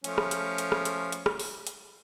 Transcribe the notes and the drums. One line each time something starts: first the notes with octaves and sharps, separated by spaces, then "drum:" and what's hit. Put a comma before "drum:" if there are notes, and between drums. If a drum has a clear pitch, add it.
F3 A3 C#4, drum: hi-hat
drum: rim click
drum: hi-hat
drum: hi-hat
drum: rim click
drum: hi-hat
drum: hi-hat
drum: rim click
drum: open hi-hat
drum: hi-hat